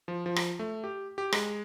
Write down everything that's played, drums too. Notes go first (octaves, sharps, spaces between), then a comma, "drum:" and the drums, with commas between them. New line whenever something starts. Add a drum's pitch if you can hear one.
F3
F3
drum: rim click
A3
G4
G4
G#3, drum: rim click